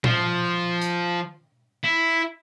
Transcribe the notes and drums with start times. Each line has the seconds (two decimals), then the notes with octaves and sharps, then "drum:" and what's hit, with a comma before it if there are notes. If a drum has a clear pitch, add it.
0.04 F3, drum: tom A#2
0.82 drum: hi-hat
1.84 E4